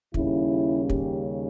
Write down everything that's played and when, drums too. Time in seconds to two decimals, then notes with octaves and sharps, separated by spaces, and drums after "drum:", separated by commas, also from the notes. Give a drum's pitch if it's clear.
0.14 D#2 C#3 G3 C#4 E4, drum: kick
0.90 G4, drum: kick